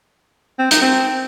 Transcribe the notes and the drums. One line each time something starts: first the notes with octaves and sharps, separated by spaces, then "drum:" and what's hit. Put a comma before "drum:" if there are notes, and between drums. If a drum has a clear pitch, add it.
C4
D#4, drum: hi-hat
C4